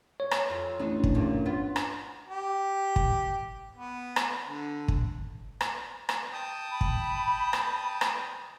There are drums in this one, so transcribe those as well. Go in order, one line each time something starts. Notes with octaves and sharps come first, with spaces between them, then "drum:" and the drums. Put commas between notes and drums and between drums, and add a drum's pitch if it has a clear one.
C#5
drum: rim click
F2 F4
A1 D4 D#4
drum: kick
E2 G2 A#2
B3 F4
drum: rim click
G4
drum: kick
B3
drum: rim click
D3
drum: kick
drum: rim click
drum: rim click
G5 A5 D#6
B5
drum: kick
drum: rim click
drum: rim click